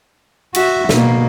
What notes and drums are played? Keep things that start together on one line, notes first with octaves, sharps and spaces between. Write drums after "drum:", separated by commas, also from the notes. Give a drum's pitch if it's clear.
F#4 E5, drum: cymbal
B2 A#3, drum: snare